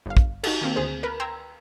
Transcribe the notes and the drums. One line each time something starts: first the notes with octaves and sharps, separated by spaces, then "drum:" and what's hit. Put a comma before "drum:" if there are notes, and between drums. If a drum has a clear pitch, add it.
G1 F5
drum: kick
D#4 F#4 G4 A4, drum: cymbal
D#3 A#3 C4
D2 G#4 C5
A#4 B4 B5
G5 A#5 C6 E6 G#6